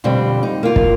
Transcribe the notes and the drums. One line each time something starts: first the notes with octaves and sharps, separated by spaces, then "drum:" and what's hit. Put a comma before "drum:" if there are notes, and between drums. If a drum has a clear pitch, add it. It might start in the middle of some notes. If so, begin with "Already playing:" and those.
F2 B2 D3 G3 C4
D#4
A#3 F4
drum: kick